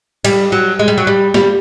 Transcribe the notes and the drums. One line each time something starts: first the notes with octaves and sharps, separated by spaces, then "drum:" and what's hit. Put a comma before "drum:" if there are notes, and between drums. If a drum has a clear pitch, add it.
G3, drum: cymbal
F#3
G#3
G3
F#3
G3
G3, drum: snare